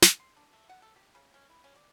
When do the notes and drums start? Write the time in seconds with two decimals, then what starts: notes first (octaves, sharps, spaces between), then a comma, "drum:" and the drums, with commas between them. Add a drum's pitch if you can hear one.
0.02 drum: snare
0.20 C6
0.37 D4
0.53 A3
0.69 F#5
0.82 A4
0.96 G4
1.15 C#3
1.34 C#4
1.50 E4
1.64 C#4
1.75 D5